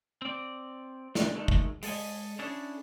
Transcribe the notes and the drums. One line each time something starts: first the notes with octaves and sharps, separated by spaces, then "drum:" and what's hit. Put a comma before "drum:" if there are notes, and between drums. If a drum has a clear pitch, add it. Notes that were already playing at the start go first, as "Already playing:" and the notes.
C4 D5
A#2 C#3 G#3 D4 D#4, drum: snare
D#3 G#3 A3
drum: kick
G#3 A4 D#5 G#5, drum: open hi-hat
C#4 D4 E4 G#4 A4